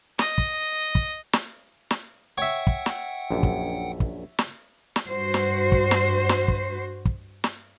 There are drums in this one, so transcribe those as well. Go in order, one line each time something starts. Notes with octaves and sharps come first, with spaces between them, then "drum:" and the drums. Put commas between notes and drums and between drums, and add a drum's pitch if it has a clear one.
D#5, drum: snare
drum: kick
drum: kick
drum: snare
drum: snare
C#5 E5 F#5 G5
drum: kick
drum: snare
A#1 F#2
drum: kick
drum: kick
drum: snare
drum: snare
G2 F#4 C5
drum: snare
drum: kick
drum: snare
drum: snare
drum: kick
drum: kick
drum: snare